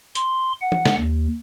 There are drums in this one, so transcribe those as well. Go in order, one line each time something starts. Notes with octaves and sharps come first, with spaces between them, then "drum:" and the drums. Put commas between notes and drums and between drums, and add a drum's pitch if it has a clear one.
C6, drum: hi-hat
F#5
drum: tom
drum: snare
D#2